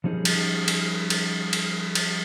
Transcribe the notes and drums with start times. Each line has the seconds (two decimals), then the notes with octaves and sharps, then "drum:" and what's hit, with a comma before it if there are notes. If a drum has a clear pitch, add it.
0.04 F3 G3 C#4 D#4 G#4 A#4
0.25 drum: cymbal
0.68 drum: cymbal
1.10 drum: cymbal
1.53 drum: cymbal
1.95 drum: cymbal